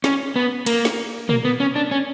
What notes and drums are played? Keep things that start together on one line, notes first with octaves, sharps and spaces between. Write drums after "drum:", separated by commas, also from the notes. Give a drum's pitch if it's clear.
C#4, drum: snare
B3
A#3, drum: cymbal
drum: snare
A#3, drum: tom A#2
B3
C#4
D4
C#4